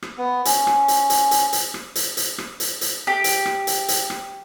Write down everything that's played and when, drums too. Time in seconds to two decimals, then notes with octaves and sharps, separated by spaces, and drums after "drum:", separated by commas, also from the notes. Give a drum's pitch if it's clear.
0.02 drum: rim click
0.18 B3
0.45 C#4, drum: hi-hat
0.67 drum: rim click
0.88 drum: hi-hat
1.10 drum: hi-hat
1.31 drum: hi-hat
1.53 drum: hi-hat
1.74 drum: rim click
1.95 drum: hi-hat
2.17 drum: hi-hat
2.38 drum: rim click
2.60 drum: hi-hat
2.81 drum: hi-hat
3.07 G4
3.24 drum: hi-hat
3.46 drum: rim click
3.67 drum: hi-hat
3.88 drum: hi-hat
4.10 drum: rim click